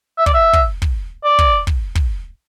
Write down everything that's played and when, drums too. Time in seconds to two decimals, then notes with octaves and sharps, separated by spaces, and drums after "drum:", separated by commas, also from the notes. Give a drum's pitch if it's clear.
0.18 E5
0.26 D5, drum: kick
0.34 E5
0.53 drum: kick
0.82 drum: kick
1.25 D5
1.39 drum: kick
1.67 drum: kick
1.95 drum: kick